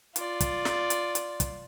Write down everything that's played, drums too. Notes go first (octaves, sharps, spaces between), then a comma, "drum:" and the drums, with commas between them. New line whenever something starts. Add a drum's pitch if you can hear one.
F4 D5, drum: hi-hat
drum: kick, hi-hat
drum: snare
drum: hi-hat
drum: hi-hat
drum: kick, hi-hat